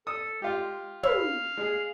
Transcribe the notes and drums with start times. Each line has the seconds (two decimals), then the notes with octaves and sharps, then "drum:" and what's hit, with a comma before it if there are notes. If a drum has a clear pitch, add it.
0.07 A4 D#6
0.42 G#3 F4 G4
1.03 F5 B5 E6, drum: tom
1.57 G#3 G#4